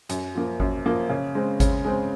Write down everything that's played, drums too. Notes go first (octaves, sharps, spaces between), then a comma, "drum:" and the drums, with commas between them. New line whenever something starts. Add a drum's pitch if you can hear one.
F#2, drum: hi-hat
F3 A#3
F#2, drum: kick G#1
F3 A#3
C#3
G#3 C4
C#3, drum: kick G#1, hi-hat
G#3 C4